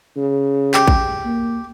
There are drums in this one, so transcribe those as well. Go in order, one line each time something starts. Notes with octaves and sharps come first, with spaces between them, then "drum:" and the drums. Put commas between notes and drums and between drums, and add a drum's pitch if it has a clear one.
C#3
G4, drum: clap
drum: kick
A#3